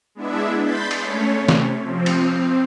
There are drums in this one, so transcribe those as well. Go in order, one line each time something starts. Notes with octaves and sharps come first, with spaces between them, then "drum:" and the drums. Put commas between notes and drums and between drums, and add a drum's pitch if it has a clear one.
G#3 B3 D4 E4 E5
B5 C6 G6 A6 B6
drum: cymbal
A3 C#4 C#5
C3
drum: snare
F3 C4
drum: cymbal
C4